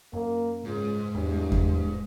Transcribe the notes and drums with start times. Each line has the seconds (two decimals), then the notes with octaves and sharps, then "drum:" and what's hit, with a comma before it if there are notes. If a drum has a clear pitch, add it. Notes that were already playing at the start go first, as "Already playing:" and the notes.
0.13 F#2 A#3
0.65 C#2 G#2
1.15 E2 G2
1.52 drum: kick E2